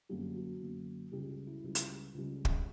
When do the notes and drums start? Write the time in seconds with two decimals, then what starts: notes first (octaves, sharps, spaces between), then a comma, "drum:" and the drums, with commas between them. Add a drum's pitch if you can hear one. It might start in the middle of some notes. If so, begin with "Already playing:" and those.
0.09 F#2 D3 G3 A#3 G4
0.36 F#4
0.61 F#2 D3 A#3
1.12 C#2 C#3 G3 G4
1.29 F#4
1.47 E4
1.64 C#2 C#3 G3
1.75 drum: hi-hat
2.14 C#2 C#3 G3
2.45 drum: kick